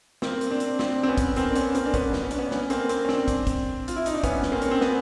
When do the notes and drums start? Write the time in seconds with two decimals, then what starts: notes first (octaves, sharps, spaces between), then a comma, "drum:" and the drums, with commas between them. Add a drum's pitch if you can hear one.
0.22 A#3 C4, drum: snare
0.41 drum: hi-hat
0.50 C4 D4
0.60 drum: hi-hat
0.79 C4 D4, drum: snare
1.03 C4
1.08 B3 C#4
1.18 drum: kick, hi-hat
1.36 A#3 C4, drum: hi-hat
1.50 D4
1.56 B3 C#4, drum: hi-hat
1.75 A#3 C4, drum: hi-hat
1.86 D4
1.94 B3 C#4, drum: kick, hi-hat
2.13 drum: snare
2.23 C#4
2.31 D4, drum: hi-hat
2.39 B3 C#4
2.51 B3 C#4, drum: snare
2.70 A#3 C4, drum: hi-hat
2.89 A#3 C4, drum: hi-hat
3.04 C#4
3.09 C4 D4, drum: snare
3.28 drum: kick, hi-hat
3.47 drum: kick, hi-hat
3.88 F4, drum: hi-hat
3.96 E4
4.06 D#4, drum: hi-hat
4.14 D4
4.24 B3 C#4, drum: kick, hi-hat
4.42 drum: snare
4.52 A#3 C4
4.62 C#4, drum: hi-hat
4.71 C4
4.81 B3, drum: snare